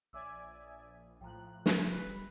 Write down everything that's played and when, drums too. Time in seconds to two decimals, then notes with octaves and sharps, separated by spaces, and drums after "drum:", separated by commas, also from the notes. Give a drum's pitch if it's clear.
0.13 A#1 C#5 D5 E5 G#5 D6 E6
0.63 D#6
1.21 A2 F3 G5 A#5 F#6
1.66 drum: snare
1.91 F1 G3 B4